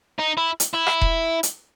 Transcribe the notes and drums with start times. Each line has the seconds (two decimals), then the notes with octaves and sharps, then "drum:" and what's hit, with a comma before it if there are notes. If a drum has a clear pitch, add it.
0.19 D#4
0.37 E4
0.60 drum: hi-hat
0.74 E4
0.87 drum: rim click
1.02 drum: kick E1
1.43 drum: hi-hat